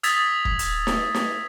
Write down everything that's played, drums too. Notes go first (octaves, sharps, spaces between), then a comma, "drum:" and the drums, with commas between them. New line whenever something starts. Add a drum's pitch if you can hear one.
D#6 E6 G#6 A6 B6 F7, drum: hi-hat
drum: kick
drum: hi-hat
drum: snare
drum: snare